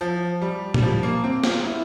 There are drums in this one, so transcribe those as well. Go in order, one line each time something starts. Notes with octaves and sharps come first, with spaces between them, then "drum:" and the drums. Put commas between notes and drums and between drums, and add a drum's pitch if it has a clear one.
F3
G3
G3, drum: tom A#2
F3
A#3
C4
F4, drum: snare
E4